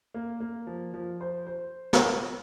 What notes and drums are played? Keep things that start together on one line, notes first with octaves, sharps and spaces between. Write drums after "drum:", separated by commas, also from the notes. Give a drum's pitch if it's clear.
A#3
A#3
F3
F3
C5
C5
drum: snare